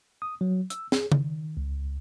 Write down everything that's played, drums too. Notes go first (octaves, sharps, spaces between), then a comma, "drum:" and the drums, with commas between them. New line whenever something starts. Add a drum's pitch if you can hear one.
D#6
F#3
E6, drum: hi-hat
G#4, drum: snare
D#3, drum: tom C#3
C#2